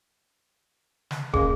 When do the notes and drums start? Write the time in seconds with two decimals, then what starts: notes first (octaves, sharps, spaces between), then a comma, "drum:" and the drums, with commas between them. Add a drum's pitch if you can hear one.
1.11 drum: snare
1.34 G#3 A#3 C#4 G#4, drum: kick